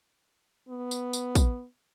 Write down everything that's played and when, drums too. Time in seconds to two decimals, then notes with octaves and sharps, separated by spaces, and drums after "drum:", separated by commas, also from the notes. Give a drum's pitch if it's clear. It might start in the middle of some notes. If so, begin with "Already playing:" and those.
0.69 B3
0.91 drum: tambourine
1.13 drum: tambourine
1.35 drum: kick, tambourine